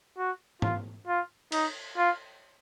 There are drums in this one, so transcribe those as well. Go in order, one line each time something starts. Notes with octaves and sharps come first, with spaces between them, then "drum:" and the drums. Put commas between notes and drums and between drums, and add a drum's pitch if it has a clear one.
F#4
F4, drum: tom G#2
F4
D#4, drum: cymbal
F4